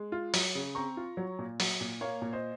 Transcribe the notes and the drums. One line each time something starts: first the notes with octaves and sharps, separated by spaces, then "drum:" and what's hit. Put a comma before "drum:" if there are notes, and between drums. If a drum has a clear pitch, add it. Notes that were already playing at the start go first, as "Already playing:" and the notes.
Already playing: G#3
F4
F#3, drum: open hi-hat
C#3
C4 A#5 C#6
F4
F#3
A#2
F#3, drum: open hi-hat
A#2
A#3 C#5 F5
A#2
C5 D#5